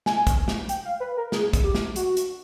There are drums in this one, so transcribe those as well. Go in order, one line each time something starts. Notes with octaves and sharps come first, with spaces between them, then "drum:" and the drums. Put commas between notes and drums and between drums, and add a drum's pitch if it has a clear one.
G#5, drum: snare
drum: kick, hi-hat
drum: snare
G5, drum: hi-hat
F5
B4
A#4
G#4, drum: snare
drum: kick, hi-hat
G4
drum: snare
F#4, drum: hi-hat
drum: hi-hat